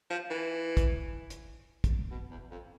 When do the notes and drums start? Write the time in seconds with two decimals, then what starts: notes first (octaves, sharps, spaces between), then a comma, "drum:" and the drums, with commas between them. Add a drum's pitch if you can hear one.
0.10 F3
0.30 E3
0.77 drum: kick, hi-hat
1.30 drum: hi-hat
1.84 drum: kick, hi-hat
2.11 B2
2.31 E2
2.51 F2